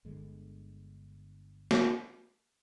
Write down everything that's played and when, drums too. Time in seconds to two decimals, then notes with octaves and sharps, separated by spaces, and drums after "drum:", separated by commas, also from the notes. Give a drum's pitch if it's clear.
0.05 G1 D3 G#3
1.71 drum: snare